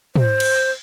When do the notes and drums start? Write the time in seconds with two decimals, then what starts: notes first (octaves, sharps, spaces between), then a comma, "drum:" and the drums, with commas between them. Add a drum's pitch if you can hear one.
0.16 C5, drum: tom
0.40 drum: cymbal